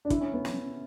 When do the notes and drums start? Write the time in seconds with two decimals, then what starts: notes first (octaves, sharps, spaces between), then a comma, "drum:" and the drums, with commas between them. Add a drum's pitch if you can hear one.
0.05 D4
0.10 E4, drum: kick, hi-hat
0.21 C#4
0.33 B3
0.45 drum: snare